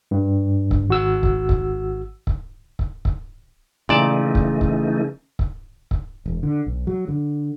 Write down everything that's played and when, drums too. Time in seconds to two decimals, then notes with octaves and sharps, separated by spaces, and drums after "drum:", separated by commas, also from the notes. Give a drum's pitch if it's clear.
0.11 G2
0.71 drum: kick C#1
0.88 G#1 F#4 E6
1.23 drum: kick C#1
1.49 drum: kick C#1
2.27 drum: kick C#1
2.79 drum: kick C#1
3.05 drum: kick C#1
3.89 A#2 C#3 E3 A3 D#4 D5 A5
4.35 drum: kick C#1
4.61 drum: kick C#1
5.39 drum: kick C#1
5.91 drum: kick C#1
6.26 E1
6.43 D3
6.67 B1
6.87 F#3
7.08 D3